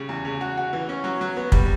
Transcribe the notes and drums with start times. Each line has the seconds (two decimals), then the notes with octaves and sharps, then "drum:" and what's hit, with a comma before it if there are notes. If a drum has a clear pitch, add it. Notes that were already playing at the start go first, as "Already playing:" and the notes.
Already playing: C#3 G3
0.09 E2
0.25 C#3
0.41 F#4
0.57 F#4
0.73 E3
0.89 C#4
1.04 F#3
1.21 F#3
1.36 B3
1.52 G3, drum: kick